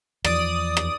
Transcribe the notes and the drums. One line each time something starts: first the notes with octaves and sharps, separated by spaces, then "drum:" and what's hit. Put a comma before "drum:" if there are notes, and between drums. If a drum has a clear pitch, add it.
E2 F3 D5 D#6, drum: rim click
drum: rim click